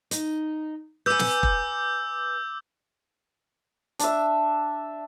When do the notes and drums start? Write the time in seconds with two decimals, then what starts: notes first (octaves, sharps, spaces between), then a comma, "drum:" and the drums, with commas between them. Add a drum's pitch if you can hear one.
0.11 D#4, drum: hi-hat
1.06 B4 G#5 D6 E6 G6
1.19 drum: snare
1.43 drum: kick
3.99 D4 E5, drum: hi-hat